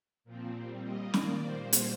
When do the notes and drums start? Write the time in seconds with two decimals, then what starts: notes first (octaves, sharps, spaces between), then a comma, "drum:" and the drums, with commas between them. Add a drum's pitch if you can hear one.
0.24 A#2 F3 C4
0.54 A#2 G3 C4
0.83 A#2 G3 A#3 D#5
1.14 D#3 A#3 D5, drum: snare
1.43 A#2 G3 A#3 C5
1.73 drum: hi-hat